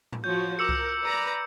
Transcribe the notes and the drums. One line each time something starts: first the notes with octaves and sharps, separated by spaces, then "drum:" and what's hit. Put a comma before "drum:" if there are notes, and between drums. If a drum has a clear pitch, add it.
drum: tom A2
F3 F#4 C#5 G6
A#4 D6 E6 C#7
drum: kick C2
B4 D5 A#5